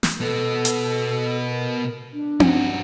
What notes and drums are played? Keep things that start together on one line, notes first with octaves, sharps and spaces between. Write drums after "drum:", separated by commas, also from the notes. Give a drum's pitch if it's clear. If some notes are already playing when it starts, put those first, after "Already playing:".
drum: snare
B2 B3 A4
drum: hi-hat
A#4
D4
G2 F#4, drum: tom C4